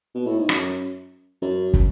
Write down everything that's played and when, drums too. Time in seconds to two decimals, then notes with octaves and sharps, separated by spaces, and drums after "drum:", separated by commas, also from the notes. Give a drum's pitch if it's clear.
0.15 B2
0.26 A2
0.38 G#2
0.49 F#2, drum: rim click
1.42 F#2
1.74 drum: kick